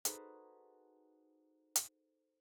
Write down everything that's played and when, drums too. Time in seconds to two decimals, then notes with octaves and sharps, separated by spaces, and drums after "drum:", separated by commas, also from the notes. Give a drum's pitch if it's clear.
0.05 D#4 F#4 G#4 A4 B4 C5, drum: hi-hat
1.76 drum: hi-hat